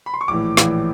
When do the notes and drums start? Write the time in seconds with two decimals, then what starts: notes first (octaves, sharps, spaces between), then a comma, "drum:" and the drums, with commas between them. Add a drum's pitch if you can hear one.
0.06 B5
0.14 C6
0.21 C#6
0.28 A#1 A2 E3 D6
0.57 A#1 A2 E3, drum: snare